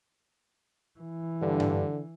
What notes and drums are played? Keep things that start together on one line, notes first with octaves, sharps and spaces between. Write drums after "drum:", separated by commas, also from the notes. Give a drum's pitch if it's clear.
E3
G2 D3
drum: tom G2